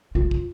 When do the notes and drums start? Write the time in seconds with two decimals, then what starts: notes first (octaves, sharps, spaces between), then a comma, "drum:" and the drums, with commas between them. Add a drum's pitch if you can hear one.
0.15 F4
0.31 drum: kick